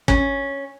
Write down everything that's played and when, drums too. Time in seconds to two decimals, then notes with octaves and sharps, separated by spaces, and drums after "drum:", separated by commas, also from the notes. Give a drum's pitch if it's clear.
0.08 C#4, drum: kick